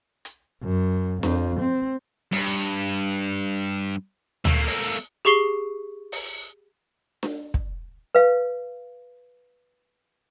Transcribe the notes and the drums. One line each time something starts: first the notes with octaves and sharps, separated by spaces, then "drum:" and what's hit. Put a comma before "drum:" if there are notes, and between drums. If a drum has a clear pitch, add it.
drum: hi-hat
F#2
F2, drum: snare D4
C4
G2, drum: open hi-hat
A3 A#3, drum: tom D2
drum: open hi-hat
G4 G#4 C#6 C7 G7
drum: open hi-hat
drum: snare D4
drum: kick
B4 F5